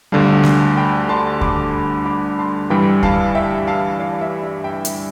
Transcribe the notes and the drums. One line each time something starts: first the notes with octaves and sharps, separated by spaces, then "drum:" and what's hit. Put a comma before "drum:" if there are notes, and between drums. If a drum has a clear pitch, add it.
D2 D3 G3 F5 A5
drum: snare
G5 B5
A5 C6
B5 D6, drum: kick D2
B5 D6
A5 C6
G2 E3 G3 G5 B5
F5 A5, drum: kick D2
E5 G5
F5 A5
D5 F5
E5
E5
E5 G5
drum: hi-hat